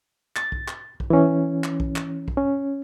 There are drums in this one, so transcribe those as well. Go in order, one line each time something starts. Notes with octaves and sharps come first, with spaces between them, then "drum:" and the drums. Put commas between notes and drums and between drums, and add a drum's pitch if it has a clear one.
A6, drum: clap
drum: kick B1
drum: clap
drum: kick B1
E3 C#4
drum: clap
drum: kick B1
drum: clap
drum: kick B1
C#4